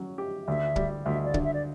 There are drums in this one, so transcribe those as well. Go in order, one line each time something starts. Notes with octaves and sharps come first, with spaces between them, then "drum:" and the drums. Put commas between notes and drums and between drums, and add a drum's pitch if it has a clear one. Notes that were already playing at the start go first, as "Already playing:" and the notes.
Already playing: F#3 C#4
G4
D2 E5
G3, drum: kick
D2 E5
D5
D3, drum: kick
E5
D5